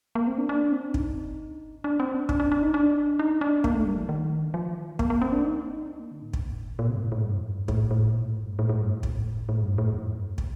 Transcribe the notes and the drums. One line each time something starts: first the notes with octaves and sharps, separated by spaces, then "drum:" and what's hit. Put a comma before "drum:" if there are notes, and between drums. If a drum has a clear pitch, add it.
A#3
C4
D4
D4
C4
D#4, drum: kick
D4
C4
D4
D4, drum: kick
D4
D4
D#4
D4
D#4
D4
A#3, drum: kick
A3
G3
F3
D#3
F3
A#3, drum: kick
A#3
C4
D4
D#4
D4
D#4
D4
A#3
D3
A2
drum: kick
A#2
C3
G2
A2
A2
G2
F2
G2
A2, drum: kick
A2
A#2
A2
G2
A2
A2
G2
A2
drum: kick
A2
G2
A2
F2
G2
drum: kick